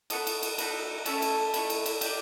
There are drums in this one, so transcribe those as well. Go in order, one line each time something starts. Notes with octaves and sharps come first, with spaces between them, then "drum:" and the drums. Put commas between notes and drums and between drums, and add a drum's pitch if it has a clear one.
B3 D#4 F#4 A4 D#5 D#6, drum: cymbal
drum: cymbal
drum: cymbal
B3 D#4 F#4 A4, drum: cymbal
A#5
A3 C#4 E4 A4 A5, drum: cymbal
drum: cymbal
A3 C#4 E4, drum: cymbal
drum: cymbal
drum: cymbal
D4 G4, drum: cymbal